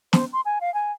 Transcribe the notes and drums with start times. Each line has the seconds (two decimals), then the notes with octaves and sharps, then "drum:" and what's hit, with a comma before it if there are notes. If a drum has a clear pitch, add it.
0.13 C5, drum: snare
0.33 C6
0.45 G#5
0.61 F5
0.74 G#5